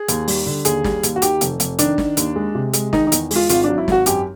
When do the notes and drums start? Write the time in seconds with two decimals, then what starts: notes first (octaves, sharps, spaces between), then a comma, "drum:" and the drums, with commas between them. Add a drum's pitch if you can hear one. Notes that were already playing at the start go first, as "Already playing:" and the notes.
Already playing: G#4
0.08 D#2, drum: hi-hat
0.28 G3, drum: open hi-hat
0.46 D3
0.65 D#2 G#4, drum: hi-hat
0.84 G3, drum: snare
1.03 D#2, drum: hi-hat
1.16 F#4
1.22 D#3 G4, drum: hi-hat
1.41 F1, drum: hi-hat
1.60 F1, drum: hi-hat
1.79 D#3 D4, drum: hi-hat
1.98 D#3, drum: snare
2.17 D#2, drum: hi-hat
2.36 G#3
2.55 C3
2.74 G#3, drum: hi-hat
2.93 D#3 D#4, drum: snare
3.07 D#4
3.12 E2, drum: hi-hat
3.31 G#3, drum: open hi-hat
3.36 F4
3.49 G#1 F4, drum: hi-hat
3.64 F#3 D4
3.78 E4
3.88 G#1 F#4, drum: snare
4.06 F#2 G4, drum: hi-hat